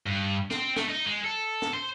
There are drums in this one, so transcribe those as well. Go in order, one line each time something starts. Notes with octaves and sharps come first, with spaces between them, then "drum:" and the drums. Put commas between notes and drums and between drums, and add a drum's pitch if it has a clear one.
G2
C4, drum: snare
A3, drum: snare
D#4
G#3
A4
drum: snare
C5